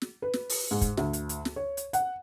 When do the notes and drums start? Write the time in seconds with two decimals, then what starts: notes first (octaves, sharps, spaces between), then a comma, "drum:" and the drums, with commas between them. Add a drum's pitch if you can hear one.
0.02 drum: snare
0.22 B4
0.33 drum: snare
0.49 drum: open hi-hat
0.71 G#2
0.81 drum: kick, hi-hat
0.97 D2, drum: snare
1.13 drum: hi-hat
1.29 drum: hi-hat
1.45 drum: snare
1.56 C#5
1.77 drum: hi-hat
1.93 F#5, drum: hi-hat